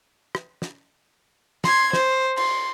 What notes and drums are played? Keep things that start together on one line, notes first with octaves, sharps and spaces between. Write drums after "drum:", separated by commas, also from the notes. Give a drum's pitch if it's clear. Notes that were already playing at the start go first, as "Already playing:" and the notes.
drum: rim click
drum: snare
C6 G#6, drum: snare
C5, drum: snare
C6, drum: cymbal